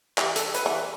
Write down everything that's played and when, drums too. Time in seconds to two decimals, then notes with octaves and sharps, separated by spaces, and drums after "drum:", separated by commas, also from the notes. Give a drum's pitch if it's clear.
0.18 E3 G4, drum: clap
0.36 A4, drum: hi-hat
0.54 B4, drum: hi-hat
0.66 E3